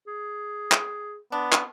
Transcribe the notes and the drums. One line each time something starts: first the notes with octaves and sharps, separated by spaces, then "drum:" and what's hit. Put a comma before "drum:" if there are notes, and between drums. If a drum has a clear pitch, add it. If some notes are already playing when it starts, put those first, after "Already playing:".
G#4
drum: clap
B3 D4
drum: clap